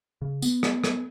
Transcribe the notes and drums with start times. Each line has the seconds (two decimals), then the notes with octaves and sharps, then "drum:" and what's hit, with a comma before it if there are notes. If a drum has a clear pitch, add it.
0.22 C#3
0.42 B3, drum: tambourine
0.63 drum: rim click
0.84 drum: rim click